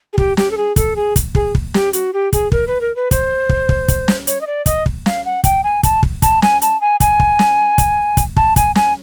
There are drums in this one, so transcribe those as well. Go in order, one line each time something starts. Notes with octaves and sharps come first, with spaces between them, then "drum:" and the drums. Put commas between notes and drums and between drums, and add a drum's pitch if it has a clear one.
G#4
G4, drum: kick
G4, drum: snare
A4
G#4
A4, drum: kick, hi-hat
G#4
drum: kick, hi-hat
G#4, drum: kick
drum: kick
G4, drum: snare
F#4, drum: hi-hat
G4
G#4, drum: kick, hi-hat
A#4, drum: kick
B4
A#4
B4
C5, drum: kick, hi-hat
drum: kick
drum: kick
drum: kick, hi-hat
drum: snare
C#5, drum: hi-hat
D#5
D5
D#5, drum: kick, hi-hat
drum: kick
F5, drum: snare
F#5
G5, drum: kick, hi-hat
G#5
A5, drum: kick, hi-hat
drum: kick
A5, drum: kick, hi-hat
G#5, drum: snare
A5, drum: hi-hat
G#5
G#5, drum: kick, hi-hat
drum: kick
drum: snare
drum: kick, hi-hat
drum: kick, hi-hat
A5, drum: kick
G#5, drum: kick, hi-hat
G#5, drum: snare